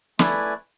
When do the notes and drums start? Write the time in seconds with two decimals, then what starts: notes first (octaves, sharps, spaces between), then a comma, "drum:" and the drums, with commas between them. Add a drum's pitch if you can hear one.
0.19 A3 E4 B4 D5 G#5, drum: snare